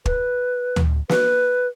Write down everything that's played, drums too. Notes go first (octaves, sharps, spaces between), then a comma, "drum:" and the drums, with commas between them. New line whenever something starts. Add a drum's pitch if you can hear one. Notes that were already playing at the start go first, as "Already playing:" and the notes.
B4, drum: kick
drum: tom D2
B4, drum: snare